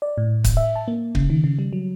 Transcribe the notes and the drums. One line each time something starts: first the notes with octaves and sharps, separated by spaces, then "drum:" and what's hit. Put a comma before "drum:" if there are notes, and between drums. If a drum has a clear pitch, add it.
D5
A2
drum: kick, hi-hat
E5
A5
A#3
C#3, drum: kick
D#3
C#3
G3
F#3